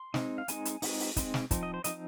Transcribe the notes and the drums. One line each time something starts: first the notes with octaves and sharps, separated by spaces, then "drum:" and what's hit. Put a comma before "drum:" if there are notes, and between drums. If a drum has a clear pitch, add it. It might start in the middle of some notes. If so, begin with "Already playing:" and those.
Already playing: C6
G#3 C4 D#4, drum: snare
F5
G#3 C4 D#4 G#5, drum: hi-hat
drum: hi-hat
G#3 C4 D#4, drum: open hi-hat
drum: open hi-hat
G#3 C4 D#4, drum: kick, hi-hat
drum: snare
F3 C4 D#4, drum: kick, hi-hat
D#5
C5
F3 C4 D#4 D#5, drum: hi-hat